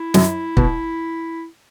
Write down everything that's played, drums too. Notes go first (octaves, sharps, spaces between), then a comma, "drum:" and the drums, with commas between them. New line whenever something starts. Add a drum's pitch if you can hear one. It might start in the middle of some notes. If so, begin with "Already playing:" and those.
Already playing: E4
F#2 F#3, drum: snare
B2, drum: kick